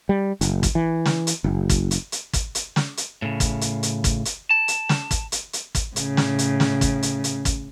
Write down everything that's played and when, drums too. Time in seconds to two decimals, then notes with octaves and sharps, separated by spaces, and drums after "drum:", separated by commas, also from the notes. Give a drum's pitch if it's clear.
0.09 G3
0.41 F#1, drum: hi-hat
0.63 drum: kick, hi-hat
0.75 E3
1.06 drum: snare
1.27 drum: hi-hat
1.44 F#1
1.69 drum: kick, hi-hat
1.91 drum: hi-hat
2.12 drum: hi-hat
2.33 drum: kick, hi-hat
2.55 drum: hi-hat
2.76 drum: snare
2.97 drum: hi-hat
3.22 A2 C#3
3.40 drum: kick, hi-hat
3.61 drum: hi-hat
3.83 drum: hi-hat
4.04 drum: kick, hi-hat
4.25 drum: hi-hat
4.51 A5
4.68 drum: hi-hat
4.89 drum: snare
5.11 drum: kick, hi-hat
5.32 drum: hi-hat
5.53 drum: hi-hat
5.75 drum: kick, hi-hat
5.96 A2 C#3, drum: hi-hat
6.17 drum: snare
6.39 drum: hi-hat
6.60 drum: snare
6.81 drum: kick, hi-hat
7.03 drum: hi-hat
7.24 drum: hi-hat
7.45 drum: kick, hi-hat